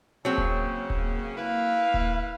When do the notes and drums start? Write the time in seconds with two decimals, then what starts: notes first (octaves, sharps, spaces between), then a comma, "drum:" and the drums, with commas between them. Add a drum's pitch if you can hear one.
0.25 C#3 F#3 A#3 C4
0.38 drum: kick D#1
0.90 drum: kick D#1
1.37 E4 B4 F5
1.94 drum: kick D#1